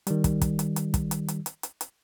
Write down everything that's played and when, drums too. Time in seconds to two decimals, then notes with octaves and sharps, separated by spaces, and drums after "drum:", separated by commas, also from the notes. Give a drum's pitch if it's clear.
0.07 D#3 G3, drum: hi-hat
0.24 drum: kick, hi-hat
0.41 drum: kick, hi-hat
0.59 drum: hi-hat
0.76 drum: hi-hat
0.94 drum: kick, hi-hat
1.11 drum: hi-hat
1.28 drum: hi-hat
1.46 drum: hi-hat
1.63 drum: hi-hat
1.81 drum: hi-hat